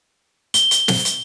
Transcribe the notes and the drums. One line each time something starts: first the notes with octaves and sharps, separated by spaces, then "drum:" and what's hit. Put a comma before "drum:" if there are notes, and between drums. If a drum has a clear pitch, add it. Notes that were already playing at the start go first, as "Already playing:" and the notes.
G7, drum: hi-hat
drum: hi-hat
drum: snare
drum: hi-hat